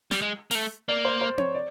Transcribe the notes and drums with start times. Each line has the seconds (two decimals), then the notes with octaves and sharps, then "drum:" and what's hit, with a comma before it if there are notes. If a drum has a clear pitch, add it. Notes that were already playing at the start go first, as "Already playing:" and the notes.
0.11 G3, drum: snare
0.22 G#3
0.51 A#3, drum: open hi-hat
0.55 A3
0.88 A#3 D5
1.05 C5
1.21 C5
1.38 C#5, drum: tom C4
1.55 D5